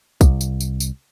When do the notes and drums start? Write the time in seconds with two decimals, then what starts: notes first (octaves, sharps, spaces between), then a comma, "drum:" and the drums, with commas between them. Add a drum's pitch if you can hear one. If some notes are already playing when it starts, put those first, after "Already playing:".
0.21 C2, drum: kick, tambourine
0.41 drum: tambourine
0.61 drum: tambourine
0.80 drum: tambourine